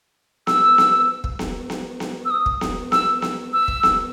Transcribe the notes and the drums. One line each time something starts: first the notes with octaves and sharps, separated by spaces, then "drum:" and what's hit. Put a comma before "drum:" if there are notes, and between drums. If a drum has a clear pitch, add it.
E6, drum: snare B3
drum: snare B3
drum: kick
drum: snare B3
drum: snare B3
drum: snare B3
E6
D#6
drum: kick
drum: snare B3
E6, drum: snare B3
drum: snare B3
E6
drum: kick
drum: snare B3